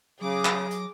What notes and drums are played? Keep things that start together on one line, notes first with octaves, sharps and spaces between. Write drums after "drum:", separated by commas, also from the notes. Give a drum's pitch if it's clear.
C#3 F#3 G#4 D6 A#6
drum: clap
drum: hi-hat